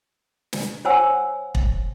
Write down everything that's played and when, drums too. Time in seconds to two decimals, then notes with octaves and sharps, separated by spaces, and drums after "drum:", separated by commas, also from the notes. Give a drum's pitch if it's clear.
0.53 drum: snare
0.85 C5 C#5 F#5 G#5 E6
1.55 drum: kick